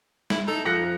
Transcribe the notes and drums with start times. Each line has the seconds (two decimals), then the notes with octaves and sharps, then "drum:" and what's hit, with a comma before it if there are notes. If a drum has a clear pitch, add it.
0.30 E4, drum: snare
0.46 D#4 A4
0.65 F2 F3 F#6 A#6 C#7